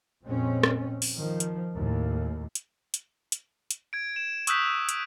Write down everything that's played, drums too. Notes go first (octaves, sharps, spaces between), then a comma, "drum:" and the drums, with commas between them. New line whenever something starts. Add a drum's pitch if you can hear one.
F2 A#2 G#3 C4 C#4
drum: rim click
drum: open hi-hat
D#3 F3
drum: hi-hat
D#2 A2
drum: hi-hat
drum: hi-hat
drum: hi-hat
drum: hi-hat
G#6 D7
E7
C#6 D#6 E6 F#6 G6 B6, drum: hi-hat
E6
D7, drum: hi-hat